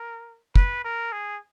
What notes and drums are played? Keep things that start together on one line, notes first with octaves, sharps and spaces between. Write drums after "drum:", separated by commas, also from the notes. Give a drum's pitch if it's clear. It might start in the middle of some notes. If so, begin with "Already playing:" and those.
Already playing: A#4
B4, drum: kick
A#4
G#4